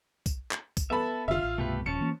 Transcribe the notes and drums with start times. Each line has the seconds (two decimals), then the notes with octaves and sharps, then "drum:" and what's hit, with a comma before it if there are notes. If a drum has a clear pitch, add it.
0.26 drum: kick C2, tambourine
0.51 drum: clap
0.77 drum: kick C2, tambourine
0.90 B3 A4 E5 A5 B5
1.28 F1 D3 F4 E5 F5
1.44 A1
1.58 C2 G2 B2 A3 G4 B4
1.86 D#1 F3 C#4 A5 C#7
2.01 E3 A#3